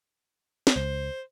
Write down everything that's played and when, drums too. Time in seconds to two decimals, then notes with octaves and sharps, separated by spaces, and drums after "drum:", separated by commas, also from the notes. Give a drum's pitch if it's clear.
0.67 drum: snare
0.76 C#2 C5